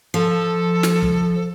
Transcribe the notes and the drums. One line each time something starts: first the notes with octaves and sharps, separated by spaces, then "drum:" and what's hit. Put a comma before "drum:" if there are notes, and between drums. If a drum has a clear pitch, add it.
F3 A4
drum: snare
drum: kick